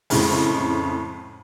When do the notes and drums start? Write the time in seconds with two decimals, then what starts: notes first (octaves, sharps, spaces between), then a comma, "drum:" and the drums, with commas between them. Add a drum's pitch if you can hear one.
0.10 F2 A2 C#3 G#3 C#4, drum: open hi-hat